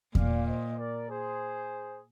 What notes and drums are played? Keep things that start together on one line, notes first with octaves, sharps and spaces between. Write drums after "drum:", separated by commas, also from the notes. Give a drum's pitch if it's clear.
A#2 D5 F5, drum: kick E2
C5 D#5
A#4 D5
G#4 C5